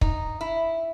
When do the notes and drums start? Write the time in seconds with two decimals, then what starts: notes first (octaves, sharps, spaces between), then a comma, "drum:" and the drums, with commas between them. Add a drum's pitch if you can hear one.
0.01 D#4, drum: kick
0.41 E4